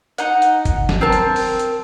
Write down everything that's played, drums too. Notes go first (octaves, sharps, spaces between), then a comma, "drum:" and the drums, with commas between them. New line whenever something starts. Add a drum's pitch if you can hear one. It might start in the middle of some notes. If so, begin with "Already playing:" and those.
D#4 F#5, drum: hi-hat
drum: hi-hat
drum: kick, hi-hat
drum: snare
C4 A#4 A5
drum: hi-hat
drum: open hi-hat
drum: hi-hat